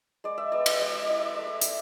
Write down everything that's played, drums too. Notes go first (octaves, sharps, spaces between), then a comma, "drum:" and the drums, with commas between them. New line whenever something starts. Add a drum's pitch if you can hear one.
G#3 D5
E5
B3 D5
E5, drum: cymbal
G#3 D5
E5
E4 D5
E5
A3 D5
E5
E4 D5, drum: hi-hat